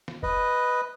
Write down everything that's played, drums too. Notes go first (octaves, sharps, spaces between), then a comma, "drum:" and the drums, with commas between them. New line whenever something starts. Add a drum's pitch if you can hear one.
drum: snare
B4 D#5, drum: kick F#1